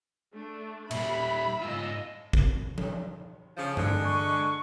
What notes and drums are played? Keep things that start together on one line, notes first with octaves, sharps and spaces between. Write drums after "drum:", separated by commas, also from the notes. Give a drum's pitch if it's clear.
A3 D4
A#2 G3 E5 B5, drum: cymbal
G#2 F4 D#5 E6
drum: kick
drum: tom F3
C#3 F3
D3 G#3, drum: tom G2
C#6